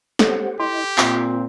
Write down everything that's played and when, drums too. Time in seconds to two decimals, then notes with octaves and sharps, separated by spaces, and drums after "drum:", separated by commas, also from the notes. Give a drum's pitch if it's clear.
0.19 G4 A4 C5 C#5 F#5, drum: snare
0.60 E4 G4 D#5 C6
0.98 A#2 C4 F4, drum: clap